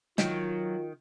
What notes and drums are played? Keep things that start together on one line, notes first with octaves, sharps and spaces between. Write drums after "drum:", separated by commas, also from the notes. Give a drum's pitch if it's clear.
D#3 F#3 F4, drum: snare